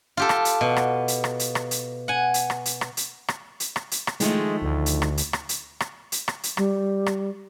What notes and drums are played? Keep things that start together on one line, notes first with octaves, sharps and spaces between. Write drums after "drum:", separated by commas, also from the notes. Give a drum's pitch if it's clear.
F4 G4 A4
drum: rim click
drum: hi-hat
B2
drum: rim click
drum: hi-hat
drum: rim click
drum: hi-hat
drum: rim click
drum: hi-hat
F#5 G#5
drum: hi-hat
drum: rim click
drum: hi-hat
drum: rim click
drum: hi-hat
drum: rim click
drum: hi-hat
drum: rim click
drum: hi-hat
drum: rim click
D#3 F3 G#3 A3, drum: hi-hat
D2
drum: hi-hat
drum: rim click
drum: hi-hat
drum: rim click
drum: hi-hat
drum: rim click
drum: hi-hat
drum: rim click
drum: hi-hat
G3, drum: rim click
drum: rim click